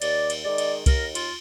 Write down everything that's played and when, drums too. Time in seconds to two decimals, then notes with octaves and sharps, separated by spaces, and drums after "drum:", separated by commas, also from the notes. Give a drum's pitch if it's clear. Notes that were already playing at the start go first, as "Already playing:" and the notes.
0.02 D#2 D5, drum: cymbal
0.30 drum: cymbal
0.44 D#3 G#3 D5
0.58 drum: cymbal
0.86 D#2 A#4, drum: kick C2, cymbal
1.15 F4, drum: cymbal